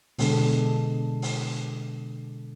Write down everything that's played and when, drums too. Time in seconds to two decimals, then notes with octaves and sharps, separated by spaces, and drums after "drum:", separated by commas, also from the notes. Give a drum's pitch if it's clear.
0.19 B2 D3 G#3 D4 A4, drum: open hi-hat
1.22 drum: open hi-hat